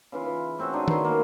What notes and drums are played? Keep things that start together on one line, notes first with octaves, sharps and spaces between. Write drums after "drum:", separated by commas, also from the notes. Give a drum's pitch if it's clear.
C#3 E3 F4
E3
A3 C4 C#4 F#4
C4 D4 D#4 C#5
D#3 E3 C5 C6, drum: tom D#3
C#3 G#3 A#3